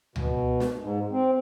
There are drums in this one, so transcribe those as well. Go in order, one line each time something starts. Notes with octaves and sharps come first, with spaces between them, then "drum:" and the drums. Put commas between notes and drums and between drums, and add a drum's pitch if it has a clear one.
B2, drum: tom C#2
drum: snare
G#2
C4